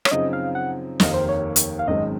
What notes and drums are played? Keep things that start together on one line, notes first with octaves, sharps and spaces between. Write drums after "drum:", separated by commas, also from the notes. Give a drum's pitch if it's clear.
C#5, drum: rim click
F#2 C#3 F3 C4 D#4 D#5
F5
F#5
F1 D#2 D#3 A#3 D#5, drum: snare
C5
C#5
drum: hi-hat
F5
G#1 F#2 D#3 G#3 C4 D#5